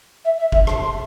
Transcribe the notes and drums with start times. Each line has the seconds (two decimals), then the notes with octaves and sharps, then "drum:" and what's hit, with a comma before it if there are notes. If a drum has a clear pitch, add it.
0.25 E5
0.39 E5
0.52 E5, drum: kick
0.67 A5, drum: rim click
0.81 C6